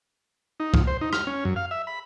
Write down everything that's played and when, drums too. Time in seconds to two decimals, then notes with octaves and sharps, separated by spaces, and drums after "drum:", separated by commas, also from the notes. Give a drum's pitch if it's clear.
0.60 D#4
0.74 F3, drum: kick
0.87 C5
1.01 D#4
1.13 F6, drum: rim click
1.27 C#4
1.45 F#2
1.56 F5
1.71 E5
1.87 B5